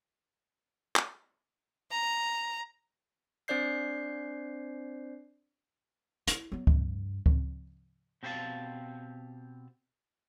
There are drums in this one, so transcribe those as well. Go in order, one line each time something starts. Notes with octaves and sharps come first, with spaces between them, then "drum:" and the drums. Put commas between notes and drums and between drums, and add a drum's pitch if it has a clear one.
drum: clap
A#5
C4 D4 C5 D5 G6 C7
E4, drum: hi-hat
F#3 B3
G2, drum: kick C#2
drum: kick C#2
B2 C4 G4 C#5 F5 A5